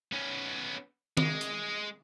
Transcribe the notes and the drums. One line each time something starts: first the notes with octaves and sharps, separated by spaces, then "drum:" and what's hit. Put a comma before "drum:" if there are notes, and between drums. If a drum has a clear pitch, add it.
B3 C#4
G#3, drum: tom D#3
drum: hi-hat